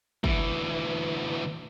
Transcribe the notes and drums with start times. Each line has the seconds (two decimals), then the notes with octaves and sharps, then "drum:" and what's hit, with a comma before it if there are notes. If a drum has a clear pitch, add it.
0.24 D2 E3, drum: kick